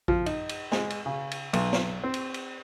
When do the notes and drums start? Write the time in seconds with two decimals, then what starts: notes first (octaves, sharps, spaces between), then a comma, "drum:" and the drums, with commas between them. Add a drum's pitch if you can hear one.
0.08 F3, drum: kick A1
0.26 D#4, drum: cymbal
0.49 drum: cymbal
0.72 G#3, drum: snare
0.90 drum: cymbal
1.06 C#3
1.31 drum: cymbal
1.53 B1, drum: cymbal
1.73 drum: snare
2.04 C4
2.14 drum: cymbal
2.34 drum: cymbal